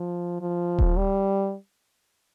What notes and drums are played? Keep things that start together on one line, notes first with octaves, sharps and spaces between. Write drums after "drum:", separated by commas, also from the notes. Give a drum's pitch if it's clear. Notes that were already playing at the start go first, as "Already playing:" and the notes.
Already playing: F3
F3
drum: kick D#1
G3